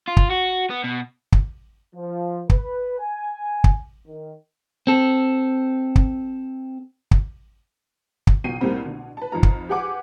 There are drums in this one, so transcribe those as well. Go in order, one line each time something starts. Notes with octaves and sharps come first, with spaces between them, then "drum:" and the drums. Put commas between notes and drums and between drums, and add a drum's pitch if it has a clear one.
F4
drum: kick
F#4
B3
B2
drum: kick
F3
B4, drum: kick
G#5
drum: kick
D#3
C4 A4
drum: kick
drum: kick
drum: kick
F#1 B2 G5 C7 D#7
C2 A2 G3 A#3 C4 B5
B2 D3
B4 A5
F2 D#4 F4 A#5
drum: kick
G4 G#4 B4 F#5 G#5 D6